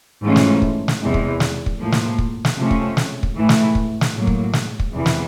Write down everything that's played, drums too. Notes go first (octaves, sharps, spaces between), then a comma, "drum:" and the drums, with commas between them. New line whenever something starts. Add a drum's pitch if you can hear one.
G#2 E3 A3 C#4 F4
drum: snare
drum: kick
drum: snare
E2 C3 E3 G#3
drum: kick
drum: snare
drum: kick
A2 F3 A#3
drum: snare
drum: kick
drum: snare
C3 F3 A3 C#4
drum: kick
drum: snare
drum: kick
A2 E3 A3
drum: snare
drum: kick
drum: snare
A2 F#3 A#3
drum: kick
drum: snare
drum: kick
E2 C3 E3
drum: snare